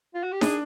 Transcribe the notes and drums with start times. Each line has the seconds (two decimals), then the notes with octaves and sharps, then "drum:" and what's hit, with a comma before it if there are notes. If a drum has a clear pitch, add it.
0.15 F4
0.23 F#4
0.32 G4
0.41 D4 G#4, drum: snare D#4